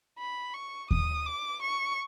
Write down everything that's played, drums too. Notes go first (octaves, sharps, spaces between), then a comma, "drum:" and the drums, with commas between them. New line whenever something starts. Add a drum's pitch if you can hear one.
B5
C#6
D#6, drum: kick D#2
D6
C#6